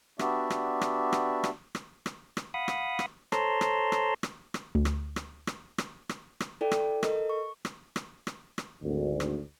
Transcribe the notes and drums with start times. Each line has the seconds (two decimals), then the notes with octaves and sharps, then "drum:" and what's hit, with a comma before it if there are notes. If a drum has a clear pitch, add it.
0.19 B3 D4 F#4 G4 D5 E5, drum: rim click
0.50 drum: rim click
0.81 drum: rim click
1.13 drum: rim click
1.44 drum: rim click
1.75 drum: rim click
2.06 drum: rim click
2.37 drum: rim click
2.54 F5 F#5 B5 D#6
2.68 drum: rim click
2.99 drum: rim click
3.32 A4 C5 C#5 A5 A#5 C6, drum: rim click
3.61 drum: rim click
3.92 drum: rim click
4.23 drum: rim click
4.54 drum: rim click
4.75 D2
4.85 drum: rim click
5.16 drum: rim click
5.47 drum: rim click
5.78 drum: rim click
6.09 drum: rim click
6.40 drum: rim click
6.61 E4 A4 D5 G5
6.71 drum: rim click
7.03 A4 A#4 D#5, drum: rim click
7.29 C#6
7.65 drum: rim click
7.96 drum: rim click
8.27 drum: rim click
8.58 drum: rim click
8.83 G#1 D2
9.20 drum: rim click